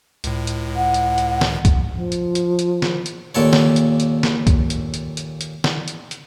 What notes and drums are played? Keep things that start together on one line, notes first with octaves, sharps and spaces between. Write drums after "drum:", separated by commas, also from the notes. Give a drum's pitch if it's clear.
C#2 A2, drum: hi-hat
drum: hi-hat
F#5
drum: hi-hat
drum: hi-hat
drum: snare
drum: kick, hi-hat
F3
drum: hi-hat
drum: hi-hat
drum: hi-hat
drum: snare
drum: hi-hat
D#2 A#2 A4 C#5
drum: snare
drum: hi-hat
drum: hi-hat
drum: snare
drum: kick, hi-hat
drum: hi-hat
drum: hi-hat
drum: hi-hat
drum: hi-hat
drum: snare
drum: hi-hat
drum: hi-hat